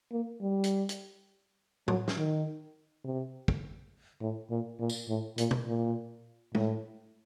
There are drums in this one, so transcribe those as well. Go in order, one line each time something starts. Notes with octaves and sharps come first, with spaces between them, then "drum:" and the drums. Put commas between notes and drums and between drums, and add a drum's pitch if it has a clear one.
A#3
G3
drum: hi-hat
drum: hi-hat
F#3, drum: tom
drum: snare
D#3
C3
drum: kick
A2
A#2
A#2
drum: tambourine
A2
A#2, drum: hi-hat
drum: tom B2
A#2
A2, drum: tom